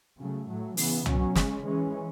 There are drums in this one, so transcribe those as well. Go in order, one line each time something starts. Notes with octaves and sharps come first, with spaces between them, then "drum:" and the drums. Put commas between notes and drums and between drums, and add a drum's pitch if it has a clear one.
C#3 F#3 A3
A2 F#3 A3
C#3 E3 B3, drum: open hi-hat
B2 F#3 C#4, drum: tom C2
C#3 G#3 C#4, drum: snare
E3 G#3 C#4